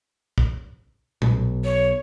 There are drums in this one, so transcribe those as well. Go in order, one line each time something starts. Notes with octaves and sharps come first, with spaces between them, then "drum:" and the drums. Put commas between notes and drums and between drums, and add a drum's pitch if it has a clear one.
drum: kick
B1, drum: tom A#2
C#5